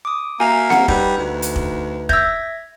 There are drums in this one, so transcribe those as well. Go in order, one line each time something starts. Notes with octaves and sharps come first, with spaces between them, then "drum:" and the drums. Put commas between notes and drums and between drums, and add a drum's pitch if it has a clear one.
D6 D#6
A#3 F#4 E5 G#5 A#5
F#5, drum: snare C4
G3 D#4 B4, drum: kick
D2
drum: hi-hat
drum: kick
E5 E6 G6 G#6 A#6, drum: kick